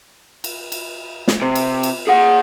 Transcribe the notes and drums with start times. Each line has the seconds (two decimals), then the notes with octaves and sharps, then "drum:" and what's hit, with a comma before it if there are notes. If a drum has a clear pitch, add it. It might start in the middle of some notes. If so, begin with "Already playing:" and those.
0.44 drum: cymbal
0.72 drum: cymbal
1.28 drum: snare
1.41 C3
1.55 drum: cymbal
1.83 drum: cymbal
2.08 G#4 F#5